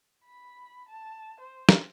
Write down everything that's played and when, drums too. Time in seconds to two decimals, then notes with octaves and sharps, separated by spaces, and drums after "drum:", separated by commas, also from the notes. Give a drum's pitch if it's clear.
0.25 B5
0.89 A5
1.40 C5
1.69 drum: snare